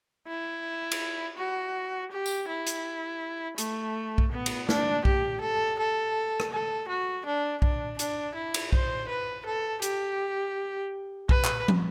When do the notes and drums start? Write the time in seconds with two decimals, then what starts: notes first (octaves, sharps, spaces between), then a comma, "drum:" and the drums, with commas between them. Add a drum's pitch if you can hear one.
0.27 E4
0.91 drum: cymbal
1.38 F#4
2.12 G4
2.26 drum: tambourine
2.48 E4
2.67 drum: hi-hat
3.58 A3, drum: hi-hat
4.18 drum: kick B1
4.32 B3
4.46 drum: cymbal
4.69 D4, drum: snare
5.05 G4, drum: kick B1
5.41 A4
5.79 A4
6.40 drum: rim click
6.53 A4
6.88 F#4
7.26 D4
7.62 D4, drum: kick B1
7.99 D4, drum: hi-hat
8.35 E4
8.54 drum: cymbal
8.73 C5, drum: kick B1
9.09 B4
9.46 A4
9.82 G4, drum: hi-hat
11.29 B4, drum: kick B1
11.44 drum: clap
11.68 drum: tom